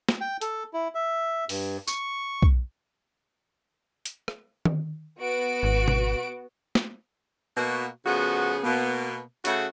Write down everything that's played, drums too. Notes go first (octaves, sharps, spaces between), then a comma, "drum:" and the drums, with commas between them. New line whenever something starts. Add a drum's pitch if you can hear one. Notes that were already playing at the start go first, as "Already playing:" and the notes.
drum: snare
G5
A4, drum: hi-hat
E4
E5
G2, drum: open hi-hat
C#6, drum: tambourine
drum: kick
drum: hi-hat
drum: rim click
drum: tom D#3
B3 F#4 D7
G#1
drum: tom B2
drum: snare
B2 A#3 F#4
C#3 F3 A3 B3 F#4 G#4
B2 A#3 B3
C#3 A3 F#4, drum: hi-hat